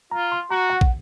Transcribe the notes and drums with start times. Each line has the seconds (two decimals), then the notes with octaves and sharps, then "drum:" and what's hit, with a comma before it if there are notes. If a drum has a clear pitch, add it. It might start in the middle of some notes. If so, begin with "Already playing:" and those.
0.11 F4 A#5
0.32 C6
0.51 F#4 A#5
0.70 F#5
0.81 drum: kick